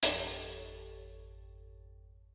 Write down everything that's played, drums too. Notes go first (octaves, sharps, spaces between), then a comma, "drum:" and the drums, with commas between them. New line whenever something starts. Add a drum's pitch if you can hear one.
G#1 F2 G4 A4 C#5 A6, drum: hi-hat